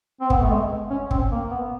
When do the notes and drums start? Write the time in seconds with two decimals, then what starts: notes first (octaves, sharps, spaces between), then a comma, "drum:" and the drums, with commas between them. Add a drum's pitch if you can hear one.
0.21 C4
0.30 B3, drum: kick
0.40 A3
0.50 G#3
0.90 C#4
1.11 C4, drum: kick
1.32 A#3
1.51 B3